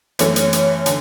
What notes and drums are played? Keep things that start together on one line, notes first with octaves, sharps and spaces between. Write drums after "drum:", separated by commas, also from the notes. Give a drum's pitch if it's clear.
F#2 E3 A3 C#4, drum: hi-hat
drum: hi-hat
drum: hi-hat
D3, drum: hi-hat